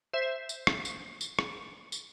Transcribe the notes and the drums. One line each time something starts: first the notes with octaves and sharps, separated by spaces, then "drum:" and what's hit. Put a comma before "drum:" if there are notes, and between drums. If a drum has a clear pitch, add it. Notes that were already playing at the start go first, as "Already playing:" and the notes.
C5 E5
drum: tambourine
drum: rim click
drum: tambourine
drum: tambourine
drum: rim click
drum: tambourine